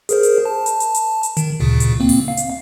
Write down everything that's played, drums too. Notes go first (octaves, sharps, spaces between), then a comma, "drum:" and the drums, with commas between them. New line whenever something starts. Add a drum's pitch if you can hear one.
G#4 A#4 C5, drum: hi-hat
drum: hi-hat
A5
drum: hi-hat
drum: hi-hat
drum: hi-hat
drum: hi-hat
D#3, drum: hi-hat
D2 A#2 C#3
drum: hi-hat
A#3 C4
drum: open hi-hat
F5
drum: hi-hat